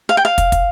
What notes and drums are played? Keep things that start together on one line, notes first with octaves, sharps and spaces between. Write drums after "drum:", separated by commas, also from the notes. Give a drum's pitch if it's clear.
F5
G5
F5
drum: kick, hi-hat
drum: kick, hi-hat